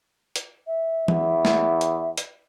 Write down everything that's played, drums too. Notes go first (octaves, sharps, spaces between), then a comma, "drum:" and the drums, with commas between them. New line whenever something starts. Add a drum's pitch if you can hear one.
drum: hi-hat
E5
E2, drum: tom E3
drum: snare A3
drum: hi-hat
drum: hi-hat